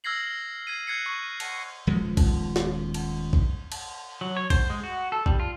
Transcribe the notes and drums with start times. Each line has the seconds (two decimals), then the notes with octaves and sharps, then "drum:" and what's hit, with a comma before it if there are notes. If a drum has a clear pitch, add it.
0.04 E6 F6 G#6 A#6 C7 F#7
0.67 G#6 C7 D#7
0.87 F#6 G#6 C7 C#7
1.06 C#6
1.40 drum: cymbal
1.87 D#1 F3 G#3 B3
2.17 drum: kick A1, cymbal
2.56 drum: snare
2.94 drum: cymbal
3.33 drum: kick A1
3.72 drum: cymbal
4.21 F#3
4.37 C#5
4.50 C5, drum: kick A1, cymbal
4.70 G#3
4.84 F#4
5.12 A4
5.26 G3, drum: kick A1
5.40 F4